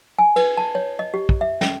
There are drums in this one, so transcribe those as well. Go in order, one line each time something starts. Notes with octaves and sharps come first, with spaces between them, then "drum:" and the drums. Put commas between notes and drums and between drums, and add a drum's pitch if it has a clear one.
G#5
B4, drum: cymbal
A5
C#5
D#5
G4
drum: kick
E5
C#4, drum: snare